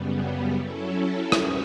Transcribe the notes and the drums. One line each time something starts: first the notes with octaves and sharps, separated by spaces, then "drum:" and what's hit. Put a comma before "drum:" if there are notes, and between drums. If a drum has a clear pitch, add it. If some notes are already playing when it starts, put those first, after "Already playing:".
Already playing: F#2 C#3 G3 B3
F#3 C#4 E4 A4
G3 C#4 F#4 B4 E5, drum: rim click